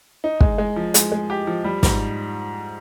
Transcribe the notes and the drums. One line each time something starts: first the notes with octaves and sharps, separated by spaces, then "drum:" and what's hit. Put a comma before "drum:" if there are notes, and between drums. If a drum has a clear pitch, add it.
D#4
G#3, drum: kick
G#3
F3
G#3, drum: hi-hat
G#3
G4
F3
G3
G#2, drum: snare